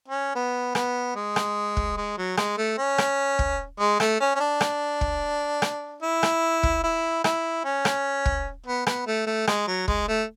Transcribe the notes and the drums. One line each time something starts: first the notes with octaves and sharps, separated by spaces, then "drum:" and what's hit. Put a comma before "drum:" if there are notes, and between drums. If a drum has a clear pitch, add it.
C#4
B3
B3, drum: rim click
G#3
drum: rim click
drum: kick
G#3
F#3
G#3, drum: rim click
A3
C#4
drum: rim click
drum: kick
G#3
A3, drum: rim click
C#4
C#4
D4
drum: rim click
drum: kick
drum: rim click
E4
drum: rim click
drum: kick
E4
E4, drum: rim click
C#4
drum: rim click
drum: kick
B3
B3, drum: rim click
A3
A3
G#3, drum: rim click
F#3
G#3, drum: kick
A3